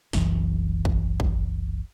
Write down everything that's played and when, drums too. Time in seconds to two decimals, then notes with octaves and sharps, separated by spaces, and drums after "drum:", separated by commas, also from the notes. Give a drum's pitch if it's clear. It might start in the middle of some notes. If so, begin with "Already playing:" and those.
0.13 F#1 C2 F#2 E3, drum: snare
0.85 drum: kick
1.20 drum: kick